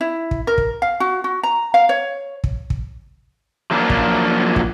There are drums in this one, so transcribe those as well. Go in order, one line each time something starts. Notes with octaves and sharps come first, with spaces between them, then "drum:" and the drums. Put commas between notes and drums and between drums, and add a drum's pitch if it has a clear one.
E4
drum: kick
A#4
drum: kick
F5
F#4
F#4
A#5
F5
C#5
drum: kick
drum: kick
F3 F#3 A#3 D4 F4
drum: kick
drum: kick